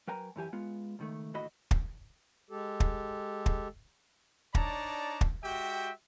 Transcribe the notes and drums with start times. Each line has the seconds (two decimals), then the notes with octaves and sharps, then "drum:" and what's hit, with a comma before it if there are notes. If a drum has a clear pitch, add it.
0.07 F#3 A#4 B4 G5 G#5 A#5
0.36 F#2 E3 G4 G#5
0.53 G#3 B3 F4
0.99 C#2 D#3 A3
1.34 D#2 A2 D3 F#4 D#5 B5
1.71 drum: kick
2.50 G#3 G4 A4
2.80 drum: kick
3.46 drum: kick
4.55 D4 D#4 C#5 D5 A5 A#5, drum: kick
5.21 drum: kick
5.43 G#3 F#4 G4 E5 G5